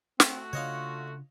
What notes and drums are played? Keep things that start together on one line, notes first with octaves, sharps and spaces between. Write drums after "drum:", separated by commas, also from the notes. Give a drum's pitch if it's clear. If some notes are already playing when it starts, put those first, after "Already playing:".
A3 C4 F#4, drum: snare
C#3 D4 F4 C#5 D#5 F5